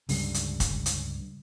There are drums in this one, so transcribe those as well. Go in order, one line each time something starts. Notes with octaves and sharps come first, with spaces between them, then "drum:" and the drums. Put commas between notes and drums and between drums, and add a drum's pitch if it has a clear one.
C#2 G2 D3 G3, drum: open hi-hat
drum: hi-hat
drum: kick, hi-hat
drum: hi-hat